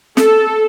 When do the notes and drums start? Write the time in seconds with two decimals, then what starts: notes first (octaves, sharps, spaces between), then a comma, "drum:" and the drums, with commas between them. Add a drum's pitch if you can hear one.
0.17 A4, drum: snare